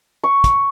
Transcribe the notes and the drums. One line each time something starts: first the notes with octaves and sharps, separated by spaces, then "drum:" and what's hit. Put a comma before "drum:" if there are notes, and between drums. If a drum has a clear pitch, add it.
C#6
drum: kick, hi-hat